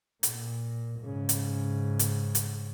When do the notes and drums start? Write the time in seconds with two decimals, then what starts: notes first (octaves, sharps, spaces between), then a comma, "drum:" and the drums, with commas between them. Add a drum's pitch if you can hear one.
0.23 A#2, drum: hi-hat
1.01 G#2 C#3
1.29 drum: hi-hat
1.99 drum: hi-hat
2.35 drum: hi-hat